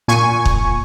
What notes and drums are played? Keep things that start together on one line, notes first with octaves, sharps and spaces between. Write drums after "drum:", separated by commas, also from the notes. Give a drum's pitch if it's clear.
A#2 G#5 C#6
drum: kick